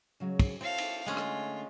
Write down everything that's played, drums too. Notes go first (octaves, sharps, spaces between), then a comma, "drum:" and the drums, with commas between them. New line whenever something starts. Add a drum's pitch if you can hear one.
C#3 F#3 G#3
drum: kick, cymbal
C4 E4 A4 C#5 F5
drum: cymbal
D3 G#3 A3 C#4 F4
drum: rim click